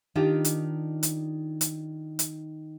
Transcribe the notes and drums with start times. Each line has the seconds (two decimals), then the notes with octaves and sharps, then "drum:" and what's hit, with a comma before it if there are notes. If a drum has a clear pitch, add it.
0.15 D#3 D4 D#4 F4 G4
0.45 drum: hi-hat
1.03 drum: hi-hat
1.61 drum: hi-hat
2.19 drum: hi-hat